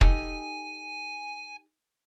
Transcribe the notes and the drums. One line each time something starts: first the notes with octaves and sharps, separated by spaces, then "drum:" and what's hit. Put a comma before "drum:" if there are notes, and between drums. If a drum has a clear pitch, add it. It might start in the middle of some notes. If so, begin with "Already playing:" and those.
D#4 G4 A4 G#5, drum: kick